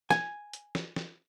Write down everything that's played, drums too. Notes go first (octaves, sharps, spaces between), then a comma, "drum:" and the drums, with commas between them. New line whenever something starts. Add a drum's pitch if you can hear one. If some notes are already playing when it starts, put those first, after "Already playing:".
G#5, drum: snare
drum: hi-hat
drum: snare
drum: snare